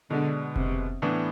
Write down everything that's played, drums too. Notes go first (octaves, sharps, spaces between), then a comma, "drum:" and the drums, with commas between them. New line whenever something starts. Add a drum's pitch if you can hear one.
B2 D3 G#3 B3
C3, drum: kick F1
A2 E3 B3 D4